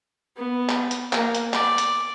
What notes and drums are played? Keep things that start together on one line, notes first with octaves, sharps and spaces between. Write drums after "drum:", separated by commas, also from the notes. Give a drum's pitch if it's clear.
B3
drum: clap
drum: hi-hat
A#3, drum: clap
drum: hi-hat
D5, drum: clap
drum: hi-hat